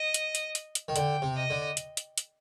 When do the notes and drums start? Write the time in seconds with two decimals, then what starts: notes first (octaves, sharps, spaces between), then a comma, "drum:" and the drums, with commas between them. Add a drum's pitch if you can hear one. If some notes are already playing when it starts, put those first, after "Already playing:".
Already playing: D#5
0.14 drum: hi-hat
0.35 drum: hi-hat
0.55 drum: hi-hat
0.75 drum: hi-hat
0.88 D#3
0.96 D3 G5, drum: hi-hat
1.22 C3
1.36 D#5
1.50 D3
1.77 drum: hi-hat
1.97 drum: hi-hat
2.18 drum: hi-hat